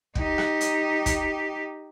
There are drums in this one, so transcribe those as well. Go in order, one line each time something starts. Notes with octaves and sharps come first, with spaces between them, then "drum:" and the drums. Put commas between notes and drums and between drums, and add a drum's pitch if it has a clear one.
D#4 G4, drum: kick
drum: rim click
drum: hi-hat
drum: kick, hi-hat